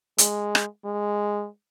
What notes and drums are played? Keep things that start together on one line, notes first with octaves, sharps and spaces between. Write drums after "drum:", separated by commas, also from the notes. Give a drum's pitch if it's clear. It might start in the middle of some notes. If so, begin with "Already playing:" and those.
G#3, drum: hi-hat
drum: rim click
G#3